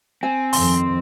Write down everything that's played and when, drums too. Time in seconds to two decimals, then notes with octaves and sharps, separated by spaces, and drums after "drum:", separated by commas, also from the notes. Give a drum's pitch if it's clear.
0.23 C4 G#5
0.53 F2 D#3 F3 C6, drum: open hi-hat